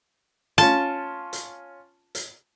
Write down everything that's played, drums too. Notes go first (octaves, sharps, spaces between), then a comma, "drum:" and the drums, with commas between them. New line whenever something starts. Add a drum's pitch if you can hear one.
C#4 F4 A5, drum: hi-hat
drum: hi-hat
drum: hi-hat